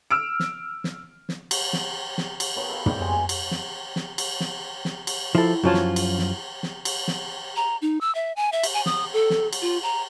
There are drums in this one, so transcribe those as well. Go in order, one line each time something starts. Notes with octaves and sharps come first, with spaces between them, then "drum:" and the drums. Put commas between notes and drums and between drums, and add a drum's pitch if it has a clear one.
E6 F6 D7
drum: snare
drum: snare
drum: snare
drum: cymbal
drum: snare
drum: snare
drum: cymbal
B2 D#3 B4 C#5
A4 B4 F5
G3 C4 G4, drum: tom
B2 G#3 G#5
G#5
drum: cymbal
drum: snare
drum: snare
drum: cymbal
drum: snare
drum: snare
drum: cymbal
F3 E4 A4
F#2 F3 F4 F#4 C#5 A5
drum: snare
drum: cymbal
drum: snare
drum: snare
drum: cymbal
drum: snare
A#5
D#4
E6
E5
G#5
E5
drum: cymbal
G#5
D#6, drum: snare
A4
drum: snare
drum: cymbal
F4
A#5